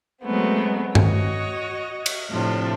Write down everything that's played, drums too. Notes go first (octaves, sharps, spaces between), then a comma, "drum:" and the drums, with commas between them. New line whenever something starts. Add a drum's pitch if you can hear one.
F#3 G#3 A3 B3 C4
F#4 C#5 D#5, drum: tom G2
drum: cymbal
A2 C3 F3 D4